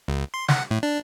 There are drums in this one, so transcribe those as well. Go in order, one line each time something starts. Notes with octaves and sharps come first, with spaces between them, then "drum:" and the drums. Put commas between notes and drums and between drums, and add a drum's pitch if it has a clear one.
C#2
C6
F#5, drum: snare
A2
D4